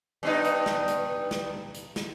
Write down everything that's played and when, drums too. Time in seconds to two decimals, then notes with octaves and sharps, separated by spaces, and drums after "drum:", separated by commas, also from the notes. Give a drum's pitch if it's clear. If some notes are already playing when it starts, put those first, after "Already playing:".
0.23 G2 B3 D#4
0.44 drum: hi-hat
0.66 drum: snare
0.88 drum: hi-hat
1.31 drum: snare
1.74 drum: hi-hat
1.96 drum: snare